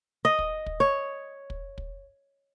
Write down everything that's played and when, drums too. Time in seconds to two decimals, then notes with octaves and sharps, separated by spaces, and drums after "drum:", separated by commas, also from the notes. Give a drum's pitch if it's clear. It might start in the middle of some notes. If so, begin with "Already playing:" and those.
0.25 D#5
0.39 drum: kick
0.66 drum: kick
0.80 C#5
1.50 drum: kick
1.78 drum: kick